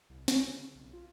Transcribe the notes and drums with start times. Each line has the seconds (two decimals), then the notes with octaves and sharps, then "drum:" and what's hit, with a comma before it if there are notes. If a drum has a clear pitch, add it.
0.10 C2
0.28 C#4, drum: snare
0.48 C#3
0.75 B1
0.93 F4